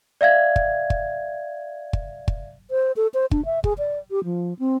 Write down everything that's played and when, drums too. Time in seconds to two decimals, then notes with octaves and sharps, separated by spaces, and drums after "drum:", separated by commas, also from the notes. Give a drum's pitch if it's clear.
0.21 D5 E5 F5 G#6
0.56 drum: kick
0.90 drum: kick
1.93 drum: kick
2.28 drum: kick
2.71 C5
2.96 A4
3.14 C5
3.31 D4, drum: kick
3.45 E5
3.64 G#4, drum: kick
3.78 D5
4.11 G4
4.24 F3
4.59 C4